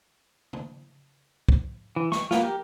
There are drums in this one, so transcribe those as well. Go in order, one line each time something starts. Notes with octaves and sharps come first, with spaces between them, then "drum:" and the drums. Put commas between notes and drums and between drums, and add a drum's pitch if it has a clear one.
drum: tom C#3
drum: kick
E3
C#6, drum: snare
A#3 B3 F4, drum: snare
G4 A#4